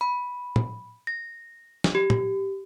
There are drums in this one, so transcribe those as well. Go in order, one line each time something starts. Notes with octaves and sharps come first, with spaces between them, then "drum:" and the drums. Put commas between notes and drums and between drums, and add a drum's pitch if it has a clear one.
B5
drum: tom
A#6
drum: snare
G4
drum: tom